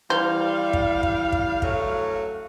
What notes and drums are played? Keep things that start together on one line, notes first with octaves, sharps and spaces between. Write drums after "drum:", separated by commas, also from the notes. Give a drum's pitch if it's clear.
E3 G3 C5 F5
drum: kick
drum: kick
drum: kick
F#3 A3 C#4, drum: kick